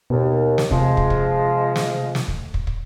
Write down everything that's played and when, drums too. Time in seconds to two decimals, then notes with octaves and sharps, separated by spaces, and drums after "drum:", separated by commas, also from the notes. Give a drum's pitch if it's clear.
0.10 D#2 B2
0.58 drum: snare
0.71 C3 F3 G#3, drum: kick
0.97 drum: kick
1.10 drum: kick
1.76 drum: snare
2.15 drum: snare
2.28 drum: kick
2.54 drum: kick
2.67 drum: kick